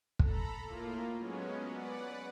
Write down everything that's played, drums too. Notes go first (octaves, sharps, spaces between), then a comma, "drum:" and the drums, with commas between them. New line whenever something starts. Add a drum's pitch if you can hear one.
A4 A#5 B5, drum: kick
A2 A#3 F4
F#3 G#3 B3 C#4
B4 D5 F#5